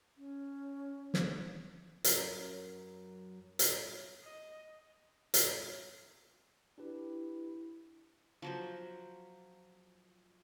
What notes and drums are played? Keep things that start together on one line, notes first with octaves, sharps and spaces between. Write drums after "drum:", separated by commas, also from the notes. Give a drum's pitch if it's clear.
C#4
drum: snare
F#2 F#3 C#4 A#4, drum: hi-hat
drum: hi-hat
D#5
drum: hi-hat
D4 E4 G4 B4
F3 F#3 C5